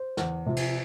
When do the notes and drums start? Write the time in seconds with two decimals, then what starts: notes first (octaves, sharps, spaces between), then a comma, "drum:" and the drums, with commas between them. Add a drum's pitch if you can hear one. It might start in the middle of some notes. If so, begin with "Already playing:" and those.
Already playing: C5
0.17 E2, drum: snare
0.46 C3 F3
0.56 drum: cymbal